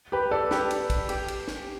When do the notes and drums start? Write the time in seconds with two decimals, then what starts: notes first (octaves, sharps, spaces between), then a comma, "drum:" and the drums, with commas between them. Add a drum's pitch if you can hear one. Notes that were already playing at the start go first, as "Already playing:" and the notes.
0.12 G4 B4
0.31 A4 D5
0.51 G4 B4, drum: snare
0.71 drum: cymbal
0.90 drum: kick, cymbal
1.09 G4, drum: cymbal
1.28 drum: cymbal
1.48 drum: snare